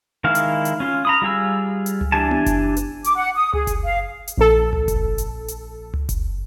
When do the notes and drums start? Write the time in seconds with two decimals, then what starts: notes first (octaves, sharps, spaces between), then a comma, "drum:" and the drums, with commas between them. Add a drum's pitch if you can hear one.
0.24 D#3 G#3 E4 F5 F6
0.35 drum: hi-hat
0.65 drum: hi-hat
0.80 C#4 F4
1.05 A#5 B5 D#6
1.22 G3 F4 G#4 E6
1.86 drum: hi-hat
2.01 drum: tom C#2
2.12 E3 D4 G4 G#5 A5
2.31 drum: tom B3
2.46 drum: kick F#1, hi-hat
2.77 drum: hi-hat
3.04 D6, drum: hi-hat
3.16 F#5
3.35 D#6
3.53 G#4, drum: tom C#2
3.67 drum: kick F#1, hi-hat
3.84 F5
4.28 drum: hi-hat
4.38 A#1 A4
4.73 drum: tom C#2
4.88 drum: kick F#1, hi-hat
5.18 drum: hi-hat
5.48 drum: hi-hat
5.94 drum: tom C#2
6.09 drum: kick F#1, hi-hat